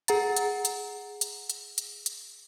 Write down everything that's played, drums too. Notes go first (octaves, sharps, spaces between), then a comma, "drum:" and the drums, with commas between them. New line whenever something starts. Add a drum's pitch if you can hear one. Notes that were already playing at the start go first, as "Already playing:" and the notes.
G#4 F#5 A#5 A6, drum: hi-hat
drum: hi-hat
drum: hi-hat
drum: hi-hat
drum: hi-hat
drum: hi-hat
drum: hi-hat